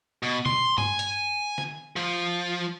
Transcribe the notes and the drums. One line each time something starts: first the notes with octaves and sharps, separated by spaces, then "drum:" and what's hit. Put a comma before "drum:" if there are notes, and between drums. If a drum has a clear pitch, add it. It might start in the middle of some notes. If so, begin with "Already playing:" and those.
B2
C6, drum: tom B2
G#5, drum: tom G2
drum: hi-hat
drum: snare
F3